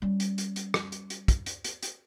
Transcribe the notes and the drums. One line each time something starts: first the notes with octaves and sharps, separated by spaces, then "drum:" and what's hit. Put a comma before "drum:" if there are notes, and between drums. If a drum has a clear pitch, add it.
G3 C#4
drum: hi-hat
drum: hi-hat
drum: hi-hat
drum: rim click
drum: hi-hat
drum: hi-hat
drum: kick, hi-hat
drum: hi-hat
drum: hi-hat
drum: hi-hat